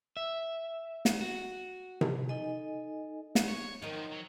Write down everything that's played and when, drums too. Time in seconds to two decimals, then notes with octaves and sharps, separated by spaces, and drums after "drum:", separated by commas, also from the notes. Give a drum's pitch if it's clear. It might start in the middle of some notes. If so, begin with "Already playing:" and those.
0.17 E5
1.05 drum: snare
1.21 F#4
2.01 drum: tom C3
2.29 D#4 A4 D#5 G#5
3.35 drum: snare
3.48 C#5
3.82 D#3 F3 F#3 D#4
4.12 F#3